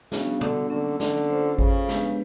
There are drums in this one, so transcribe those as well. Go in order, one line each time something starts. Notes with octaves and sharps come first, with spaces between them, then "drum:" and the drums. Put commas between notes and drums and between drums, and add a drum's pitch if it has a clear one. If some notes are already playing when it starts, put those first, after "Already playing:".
C#3 G3 B3 D4 F#4, drum: snare
D3, drum: tom C3
D3 F#3 A#3 C#4
D3, drum: snare
C#4 F4 A4 C5
C#3, drum: kick G#1
G#3 B3 D4 G4 B4, drum: snare